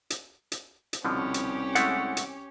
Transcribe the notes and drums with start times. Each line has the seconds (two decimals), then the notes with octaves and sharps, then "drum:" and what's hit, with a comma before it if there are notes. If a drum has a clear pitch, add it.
0.10 drum: hi-hat
0.52 drum: hi-hat
0.93 drum: hi-hat
1.05 C2 B2 D3 F3 C#4 G4
1.34 drum: hi-hat
1.75 G#3 A3 E4 F#5, drum: hi-hat
2.17 drum: hi-hat